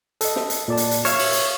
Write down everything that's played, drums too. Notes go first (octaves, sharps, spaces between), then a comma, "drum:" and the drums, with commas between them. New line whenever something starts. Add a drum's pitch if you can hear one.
A4 D#5, drum: hi-hat
drum: snare
drum: hi-hat
A#2 D5 A5
drum: hi-hat
drum: hi-hat
C#5 E5 F5 F6, drum: hi-hat
drum: open hi-hat
drum: hi-hat